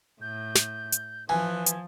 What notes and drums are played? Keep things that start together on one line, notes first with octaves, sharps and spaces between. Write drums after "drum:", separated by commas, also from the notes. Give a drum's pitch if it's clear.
A2 G6
drum: snare
drum: hi-hat
E3 F3 G#5 F#6
drum: hi-hat